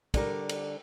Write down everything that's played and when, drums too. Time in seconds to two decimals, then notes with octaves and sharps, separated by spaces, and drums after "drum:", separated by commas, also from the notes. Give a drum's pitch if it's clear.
0.14 D3 G3 A#4, drum: kick, cymbal
0.49 drum: cymbal